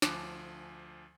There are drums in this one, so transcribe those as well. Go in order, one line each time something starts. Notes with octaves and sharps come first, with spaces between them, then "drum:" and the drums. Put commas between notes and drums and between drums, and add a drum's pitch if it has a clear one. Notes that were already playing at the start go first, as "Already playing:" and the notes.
D2 F3 G#5 A5 D6 F#6, drum: snare